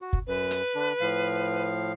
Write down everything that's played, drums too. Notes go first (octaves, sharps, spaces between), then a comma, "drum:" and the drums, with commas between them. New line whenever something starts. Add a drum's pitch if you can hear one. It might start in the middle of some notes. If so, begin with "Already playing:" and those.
F#4
drum: kick
F#2 B4
drum: hi-hat
D3 D4
A2 F3 F5